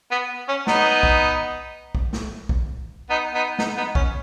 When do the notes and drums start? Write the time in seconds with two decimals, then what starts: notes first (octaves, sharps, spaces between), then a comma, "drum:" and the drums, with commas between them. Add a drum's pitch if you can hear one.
0.11 B3
0.48 C#4
0.67 B3 D#4, drum: snare
1.03 drum: kick B1
1.95 drum: kick B1
2.13 drum: snare
2.49 drum: kick B1
3.10 B3 D#4
3.34 B3 D#4
3.59 B3 D#4, drum: snare
3.77 B3 D#4
3.95 C#4, drum: kick B1